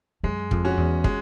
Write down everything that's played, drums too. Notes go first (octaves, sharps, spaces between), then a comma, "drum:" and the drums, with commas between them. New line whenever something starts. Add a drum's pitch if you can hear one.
F#2 G#3
F2, drum: kick
C#4 F#4
E2
G#3, drum: kick